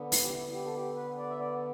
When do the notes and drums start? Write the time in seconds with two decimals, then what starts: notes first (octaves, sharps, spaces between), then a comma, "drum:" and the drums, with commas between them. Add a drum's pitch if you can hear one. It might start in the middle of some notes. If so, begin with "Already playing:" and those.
Already playing: D3 B3
0.12 drum: open hi-hat
0.23 G4
0.30 E4
0.52 G4
0.65 A4
0.74 G4
0.96 B4
1.18 D5
1.29 E5
1.39 D5